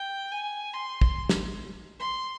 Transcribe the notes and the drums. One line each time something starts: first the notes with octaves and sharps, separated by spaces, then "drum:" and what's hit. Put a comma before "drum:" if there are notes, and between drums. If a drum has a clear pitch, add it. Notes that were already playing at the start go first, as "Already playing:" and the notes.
Already playing: G5
G#5
C6
drum: kick
drum: snare
C6